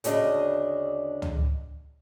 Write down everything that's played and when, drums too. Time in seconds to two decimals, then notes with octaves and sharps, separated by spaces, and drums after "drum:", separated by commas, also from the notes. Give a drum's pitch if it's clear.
0.04 D2 C#3 D4 D#5, drum: hi-hat
1.22 drum: tom